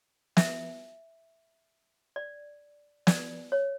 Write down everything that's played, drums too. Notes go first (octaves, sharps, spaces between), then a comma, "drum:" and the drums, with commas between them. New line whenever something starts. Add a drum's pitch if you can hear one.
E5, drum: snare
D5
D5, drum: snare
C#5